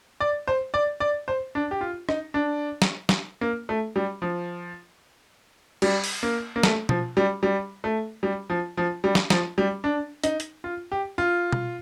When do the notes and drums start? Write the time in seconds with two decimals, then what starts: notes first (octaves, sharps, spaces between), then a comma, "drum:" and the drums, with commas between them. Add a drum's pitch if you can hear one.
0.20 D5
0.47 C5
0.74 D5
1.00 D5
1.28 C5
1.55 D4
1.71 G4
1.81 F4
2.09 D#4, drum: rim click
2.34 D4
2.82 drum: snare
3.09 drum: snare
3.41 A#3
3.69 A3
3.96 G3
4.22 F3
5.82 G3, drum: cymbal
6.04 drum: open hi-hat
6.23 A#3
6.56 A#3
6.63 A3, drum: snare
6.89 F3, drum: tom B2
7.17 G3
7.43 G3
7.84 A3
8.23 G3
8.50 F3
8.77 F3
9.04 G3
9.15 drum: snare
9.30 F3, drum: snare
9.58 G3
9.84 D4
10.24 D#4, drum: hi-hat
10.40 drum: hi-hat
10.64 F4
10.92 G4
11.18 F4
11.53 drum: tom B2